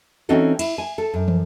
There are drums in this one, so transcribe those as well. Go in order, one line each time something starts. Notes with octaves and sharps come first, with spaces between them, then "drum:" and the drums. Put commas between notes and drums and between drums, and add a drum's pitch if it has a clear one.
E3 C4 C#4 D#4 F#4 A4
E4, drum: cymbal
G#5
A4
F#2
drum: tom